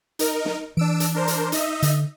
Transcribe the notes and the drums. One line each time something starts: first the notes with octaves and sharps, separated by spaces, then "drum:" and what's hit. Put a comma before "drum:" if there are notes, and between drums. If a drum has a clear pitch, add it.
D#4 A#4, drum: hi-hat
drum: snare
E3 D4 E6 D7
drum: hi-hat
D4 A#4 C5
drum: hi-hat
D#4 D#5 E5, drum: hi-hat
D3, drum: hi-hat